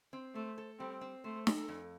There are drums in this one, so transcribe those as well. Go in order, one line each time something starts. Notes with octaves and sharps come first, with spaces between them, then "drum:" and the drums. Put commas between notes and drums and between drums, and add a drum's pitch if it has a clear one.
C4
A3 C5
A4
G3 C4
C4
A3 C5
A4, drum: snare
F2